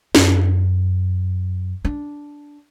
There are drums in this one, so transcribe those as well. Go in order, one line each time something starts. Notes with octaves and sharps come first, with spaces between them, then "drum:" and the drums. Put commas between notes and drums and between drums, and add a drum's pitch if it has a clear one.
F#2, drum: snare
D4